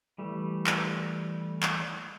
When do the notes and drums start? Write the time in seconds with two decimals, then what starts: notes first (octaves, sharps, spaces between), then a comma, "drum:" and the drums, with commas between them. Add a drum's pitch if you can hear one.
0.18 E3 G3 A3
0.67 drum: clap
1.63 drum: clap